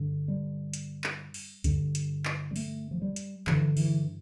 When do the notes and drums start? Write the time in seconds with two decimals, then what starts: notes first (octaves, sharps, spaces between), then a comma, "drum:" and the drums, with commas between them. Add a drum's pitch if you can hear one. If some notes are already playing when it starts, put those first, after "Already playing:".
Already playing: G2 D3
0.28 G3
0.74 drum: hi-hat
1.04 drum: clap
1.34 drum: open hi-hat
1.64 G2 D3, drum: kick C2, hi-hat
1.95 drum: hi-hat
2.25 drum: clap
2.51 G3
2.56 A3, drum: open hi-hat
2.91 F3
3.02 G3
3.16 drum: hi-hat
3.47 G2 D3 E3, drum: clap
3.77 E3, drum: open hi-hat